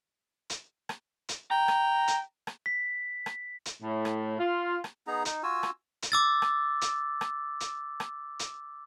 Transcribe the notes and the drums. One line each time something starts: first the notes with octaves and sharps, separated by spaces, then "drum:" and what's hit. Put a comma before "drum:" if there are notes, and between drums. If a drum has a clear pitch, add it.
drum: hi-hat
drum: rim click
drum: hi-hat
G5 A#5
drum: rim click
drum: hi-hat
drum: rim click
B6
drum: rim click
drum: hi-hat
A2
drum: rim click
F4
drum: rim click
B3 D#4 G#4 A#5
D#4, drum: hi-hat
F4 F#4 G#5 E6
drum: rim click
drum: hi-hat
D6 E6 A6
drum: rim click
drum: hi-hat
drum: rim click
drum: hi-hat
drum: rim click
drum: hi-hat